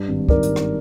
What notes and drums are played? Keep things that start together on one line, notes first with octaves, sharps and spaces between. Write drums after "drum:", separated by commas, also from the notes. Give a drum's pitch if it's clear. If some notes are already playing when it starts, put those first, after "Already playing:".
Already playing: G2
G#1
D#3 A#4 D5, drum: kick
drum: hi-hat
drum: rim click